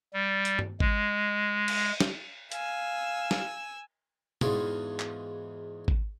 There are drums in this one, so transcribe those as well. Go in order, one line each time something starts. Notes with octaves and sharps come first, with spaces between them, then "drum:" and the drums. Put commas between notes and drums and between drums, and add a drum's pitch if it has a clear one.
G3
drum: hi-hat
drum: tom G2
G#3, drum: kick G#1
drum: cymbal
drum: snare
F5 G#5 E6, drum: hi-hat
drum: snare
E2 G#2 F4 F#4 G#4 A5, drum: tom
drum: clap
drum: kick G#1